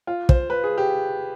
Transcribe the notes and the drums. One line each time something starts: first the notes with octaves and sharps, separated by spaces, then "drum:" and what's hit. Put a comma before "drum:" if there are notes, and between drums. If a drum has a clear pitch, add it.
F4
C5, drum: kick
B4
G#4
G4